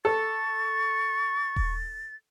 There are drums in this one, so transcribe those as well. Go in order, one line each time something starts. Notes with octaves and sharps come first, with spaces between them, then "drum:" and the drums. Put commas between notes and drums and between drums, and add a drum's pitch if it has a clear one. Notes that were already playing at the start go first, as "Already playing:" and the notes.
A4 C#6 A6
drum: kick D#1